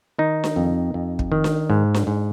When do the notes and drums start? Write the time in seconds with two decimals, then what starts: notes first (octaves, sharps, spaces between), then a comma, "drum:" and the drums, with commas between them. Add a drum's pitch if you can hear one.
0.18 D#3 D#4
0.44 drum: snare D4
0.56 F2
0.94 F2
1.19 drum: kick
1.32 D#3
1.44 drum: snare D4
1.70 G#2
1.94 drum: snare D4
2.07 G#2